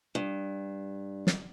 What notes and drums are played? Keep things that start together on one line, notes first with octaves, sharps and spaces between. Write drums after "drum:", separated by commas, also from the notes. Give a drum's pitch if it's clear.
G2
drum: snare